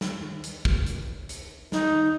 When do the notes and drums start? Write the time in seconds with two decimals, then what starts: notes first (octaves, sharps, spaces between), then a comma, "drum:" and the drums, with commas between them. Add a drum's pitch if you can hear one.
0.01 drum: snare
0.44 drum: hi-hat
0.65 drum: kick
0.87 drum: hi-hat
1.29 drum: hi-hat
1.72 D#4, drum: snare